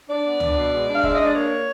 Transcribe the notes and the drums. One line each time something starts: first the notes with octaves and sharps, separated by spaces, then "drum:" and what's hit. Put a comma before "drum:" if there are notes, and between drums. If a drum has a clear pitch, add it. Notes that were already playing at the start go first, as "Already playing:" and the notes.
D4 D5
B3
D4, drum: tom C#2
B2
G#3
D4
F5
G#3 E5, drum: kick F1
D4 D#5
D5
A#3 C#5